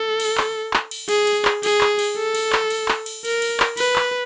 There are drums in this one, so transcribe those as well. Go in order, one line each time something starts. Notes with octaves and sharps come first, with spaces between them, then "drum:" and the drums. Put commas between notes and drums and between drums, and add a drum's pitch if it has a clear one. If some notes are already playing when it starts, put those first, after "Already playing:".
Already playing: A4
drum: cymbal
drum: clap
drum: clap
drum: cymbal
G#4, drum: cymbal
drum: cymbal
drum: clap
G#4, drum: cymbal
drum: clap
drum: cymbal
A4
drum: cymbal
drum: clap
drum: cymbal
drum: clap
drum: cymbal
A#4, drum: cymbal
drum: cymbal
drum: clap
B4, drum: cymbal
drum: clap